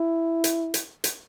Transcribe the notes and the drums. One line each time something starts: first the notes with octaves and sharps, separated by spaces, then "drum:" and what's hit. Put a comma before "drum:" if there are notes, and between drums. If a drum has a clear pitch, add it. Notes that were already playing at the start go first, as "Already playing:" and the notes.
Already playing: E4
drum: hi-hat
drum: hi-hat
drum: hi-hat